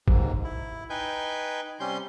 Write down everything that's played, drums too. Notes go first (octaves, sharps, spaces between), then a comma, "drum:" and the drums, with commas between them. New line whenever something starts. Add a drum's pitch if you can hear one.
D#2 G#2, drum: kick
E4
D#4 B4 G5 G#5 G6
C3 G3 C#4 C6 G6